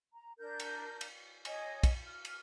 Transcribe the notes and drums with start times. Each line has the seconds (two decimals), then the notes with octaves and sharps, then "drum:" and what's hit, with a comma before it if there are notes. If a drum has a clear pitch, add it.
0.15 A#5
0.39 D4 A#4 G6
0.60 drum: cymbal
1.01 drum: cymbal
1.45 C#5 D#5 G#5, drum: cymbal
1.83 drum: kick, cymbal
2.07 F6
2.25 drum: cymbal